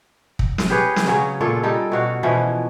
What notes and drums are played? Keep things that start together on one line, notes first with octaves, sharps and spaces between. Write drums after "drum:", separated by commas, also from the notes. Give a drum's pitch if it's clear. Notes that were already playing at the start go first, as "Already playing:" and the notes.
drum: kick
drum: snare
G4 G#4 B4 C#5
drum: snare
C#3 F#3 C#4
A#2 F4 A4 C#5
G3 D#4 A4
B2 F#4 F5
B2 E3 F3 C#4